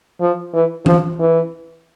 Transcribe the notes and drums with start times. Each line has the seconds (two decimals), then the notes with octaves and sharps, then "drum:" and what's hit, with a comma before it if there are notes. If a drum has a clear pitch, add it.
0.20 F3
0.54 E3
0.86 F3, drum: tom E3
1.20 E3